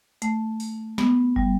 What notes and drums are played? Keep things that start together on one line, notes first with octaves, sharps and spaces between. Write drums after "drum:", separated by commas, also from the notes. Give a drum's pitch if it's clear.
A3, drum: hi-hat
drum: open hi-hat
B3, drum: snare
G3, drum: kick